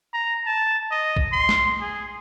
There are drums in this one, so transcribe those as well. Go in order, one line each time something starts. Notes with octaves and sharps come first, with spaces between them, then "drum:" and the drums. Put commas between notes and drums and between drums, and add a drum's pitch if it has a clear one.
A#5
A5
D#5
drum: kick
C6
drum: snare
G#4